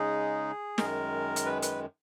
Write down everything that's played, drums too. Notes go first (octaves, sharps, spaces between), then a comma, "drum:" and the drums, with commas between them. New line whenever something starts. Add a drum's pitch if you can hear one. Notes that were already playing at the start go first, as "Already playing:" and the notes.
Already playing: C#3 G#3 D#4 G#4
F#2 D#3 G#3 A#4, drum: snare
drum: hi-hat
B4
B4, drum: hi-hat